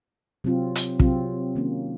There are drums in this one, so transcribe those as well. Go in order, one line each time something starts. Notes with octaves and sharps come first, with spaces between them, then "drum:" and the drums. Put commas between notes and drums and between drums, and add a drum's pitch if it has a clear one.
C3 F#3 C4 F4
drum: hi-hat
C3 F#3 C4 F4, drum: kick
D#3 A#3 C#4